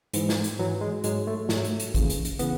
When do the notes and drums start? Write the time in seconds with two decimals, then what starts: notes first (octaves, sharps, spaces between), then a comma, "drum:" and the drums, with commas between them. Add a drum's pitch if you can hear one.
0.14 G#2 E3, drum: hi-hat
0.29 drum: snare
0.44 drum: hi-hat
0.59 G#2 E3 F#3
0.81 G#3
1.04 G#2 F#3 G#3, drum: hi-hat
1.27 A3
1.49 G#2 F#3 A3, drum: snare
1.65 drum: hi-hat
1.80 drum: hi-hat
1.95 D#2 C#3 E3, drum: kick, hi-hat
2.10 drum: hi-hat
2.25 drum: hi-hat
2.39 C#3 E3 B3, drum: hi-hat